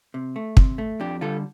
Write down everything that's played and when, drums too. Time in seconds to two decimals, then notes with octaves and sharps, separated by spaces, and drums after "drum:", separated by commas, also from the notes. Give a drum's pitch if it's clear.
0.14 C3
0.36 A3
0.57 C3, drum: kick
0.78 A3
1.00 F2 D4 G4
1.21 D3 G3 F4 A4